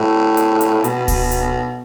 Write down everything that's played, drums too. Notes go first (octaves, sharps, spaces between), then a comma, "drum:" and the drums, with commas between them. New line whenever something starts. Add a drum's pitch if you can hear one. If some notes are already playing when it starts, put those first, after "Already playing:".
Already playing: A2
drum: hi-hat
drum: hi-hat
B2, drum: hi-hat
drum: kick D1, open hi-hat
drum: hi-hat